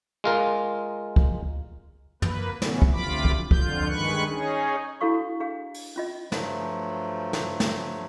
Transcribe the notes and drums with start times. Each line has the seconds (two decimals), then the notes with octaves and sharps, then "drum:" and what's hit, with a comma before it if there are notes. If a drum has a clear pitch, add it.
0.24 G#3 F4 A#4
1.16 drum: kick
2.22 A#3 B4, drum: tom
2.62 A2 C3 E3 F#3 B3 C#4, drum: snare
2.82 drum: kick
2.92 D2 C3 F4 B5 D6
3.25 drum: kick
3.51 F2 D3 F4 G6, drum: kick
3.88 G2 D#3 G#3 B4 C#6 F#6
4.28 C#4 D#4 G#4
5.01 D4 E4 F#4 A4 F5 C#6
5.40 D4 G#4 F5
5.74 drum: open hi-hat
5.96 C#4 F4 D#5
6.32 G2 F3 F#3 A3, drum: snare
7.33 drum: snare
7.60 drum: snare